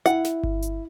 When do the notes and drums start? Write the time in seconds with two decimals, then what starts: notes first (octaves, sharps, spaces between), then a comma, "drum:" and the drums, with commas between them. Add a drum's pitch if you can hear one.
0.06 E4 F#5, drum: hi-hat
0.24 drum: snare
0.43 drum: kick G1
0.62 drum: hi-hat